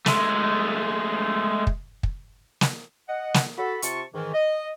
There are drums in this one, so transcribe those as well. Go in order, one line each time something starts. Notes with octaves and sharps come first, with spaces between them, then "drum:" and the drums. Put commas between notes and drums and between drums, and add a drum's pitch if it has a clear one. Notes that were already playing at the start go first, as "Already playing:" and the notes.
G#3 A3, drum: snare
drum: kick
drum: kick
drum: snare
D#5 F#5
drum: snare
F#4 A4 B5
C3 C4 F4 A5 C#6, drum: hi-hat
G#2 D#3 E3
D#5